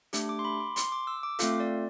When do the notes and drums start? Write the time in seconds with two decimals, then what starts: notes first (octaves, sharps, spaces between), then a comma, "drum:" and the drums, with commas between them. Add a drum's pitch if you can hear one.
0.13 A3 D4 G4, drum: hi-hat
0.29 D6
0.39 C6
0.45 B5
0.60 D6
0.76 C6, drum: hi-hat
0.92 D6
1.07 E6
1.23 D6
1.39 A3 C4 F4 A4 F5, drum: hi-hat
1.60 D5